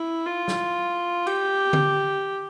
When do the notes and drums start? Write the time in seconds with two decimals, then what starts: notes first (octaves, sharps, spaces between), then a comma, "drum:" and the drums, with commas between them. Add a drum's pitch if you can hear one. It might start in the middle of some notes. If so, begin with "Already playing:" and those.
Already playing: E4
0.26 F4
0.48 drum: snare
1.27 G4, drum: cymbal
1.73 drum: tom D3